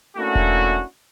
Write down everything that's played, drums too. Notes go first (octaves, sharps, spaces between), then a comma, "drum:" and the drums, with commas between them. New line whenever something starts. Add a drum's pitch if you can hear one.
A3 A#3 C#4 D4 E4 F#4
drum: kick E1